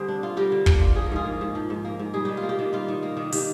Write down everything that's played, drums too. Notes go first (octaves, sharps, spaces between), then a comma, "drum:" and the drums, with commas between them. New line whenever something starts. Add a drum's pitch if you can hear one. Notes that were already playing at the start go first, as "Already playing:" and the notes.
Already playing: D3 G3 C4 G#4 C5
D4
F4
G3 G4 A#4
D3
D4, drum: kick
F4
F3 G#4
A#4
G#2 F4 G#4
A#3
G#2
F3
G#2
A#3
G#2
G3 G#4
D#3 G4
F4
A#3
G4
D#3
G3 F4
D#3
A#3
D#3
D#3 G4, drum: open hi-hat